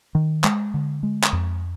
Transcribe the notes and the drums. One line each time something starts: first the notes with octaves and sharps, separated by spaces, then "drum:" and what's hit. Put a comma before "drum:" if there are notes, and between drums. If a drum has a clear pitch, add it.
D#3
G#3, drum: clap
D3
G#3
drum: clap
F2